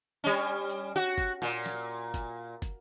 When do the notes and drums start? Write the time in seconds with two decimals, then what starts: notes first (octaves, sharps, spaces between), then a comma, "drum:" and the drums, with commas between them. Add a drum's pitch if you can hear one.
0.24 G3 C#4
0.70 drum: hi-hat
0.96 F#4
1.18 drum: kick, hi-hat
1.42 A#2
1.66 drum: snare
2.14 drum: kick, hi-hat
2.62 drum: kick, hi-hat